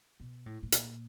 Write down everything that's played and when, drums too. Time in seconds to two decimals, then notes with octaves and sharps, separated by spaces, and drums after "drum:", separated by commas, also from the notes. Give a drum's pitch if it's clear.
0.20 B2
0.46 A2
0.63 A2
0.72 A#2, drum: hi-hat